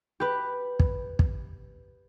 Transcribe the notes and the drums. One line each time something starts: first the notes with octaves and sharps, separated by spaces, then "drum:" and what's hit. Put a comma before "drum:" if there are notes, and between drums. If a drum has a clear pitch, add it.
G4 B4
drum: kick
drum: kick